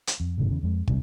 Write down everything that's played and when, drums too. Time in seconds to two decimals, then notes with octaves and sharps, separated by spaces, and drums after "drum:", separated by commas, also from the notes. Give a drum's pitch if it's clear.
0.07 drum: hi-hat
0.20 F2
0.38 F#1 G#2 C3 D#3
0.49 E2 C#3
0.63 F2 G#3
0.87 D#1 C2 C3 G3, drum: kick